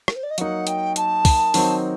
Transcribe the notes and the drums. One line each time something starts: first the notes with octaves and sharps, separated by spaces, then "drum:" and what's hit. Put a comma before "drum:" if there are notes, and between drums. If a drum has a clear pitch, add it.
A#4, drum: rim click
C5
D5
D#5
F#3 A#3 D#4 F#5, drum: hi-hat
G5, drum: hi-hat
A5, drum: hi-hat
drum: kick, open hi-hat
D#3 F#3 C4 D#4, drum: open hi-hat